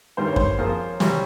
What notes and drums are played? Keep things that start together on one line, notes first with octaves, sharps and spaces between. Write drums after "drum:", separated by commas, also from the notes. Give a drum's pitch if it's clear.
G2 D#3 G3 C5
C#5
C5, drum: kick F#2
F3 A#3 F4 G#4 A#4 C5
C2 C3 G3, drum: snare